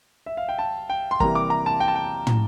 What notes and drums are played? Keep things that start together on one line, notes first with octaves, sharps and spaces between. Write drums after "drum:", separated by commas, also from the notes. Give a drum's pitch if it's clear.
E5
F5
G5
A5
G5
C6
C3 E3 G3 A#3 A#5, drum: kick
D6
A#5
A5
G5
A5
G5
drum: tom